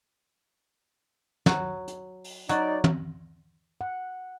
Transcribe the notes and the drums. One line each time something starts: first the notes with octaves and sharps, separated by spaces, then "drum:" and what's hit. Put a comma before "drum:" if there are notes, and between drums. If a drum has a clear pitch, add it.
F#3, drum: snare
drum: hi-hat
drum: open hi-hat
F#3 D#4 D5, drum: hi-hat
drum: tom
F#5